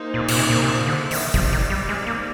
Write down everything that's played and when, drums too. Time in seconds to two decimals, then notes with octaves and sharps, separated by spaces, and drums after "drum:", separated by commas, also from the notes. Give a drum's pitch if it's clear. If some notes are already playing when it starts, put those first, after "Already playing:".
Already playing: A#3 D#4 G#4 C5
0.14 A#2
0.28 A#2, drum: cymbal
0.37 C3
0.50 A#2
0.63 C3
0.86 D3
1.11 D#3, drum: open hi-hat
1.34 F3 C4 D#4 G4 D5, drum: kick
1.53 D#3
1.70 G3
1.89 G#3
2.07 A#3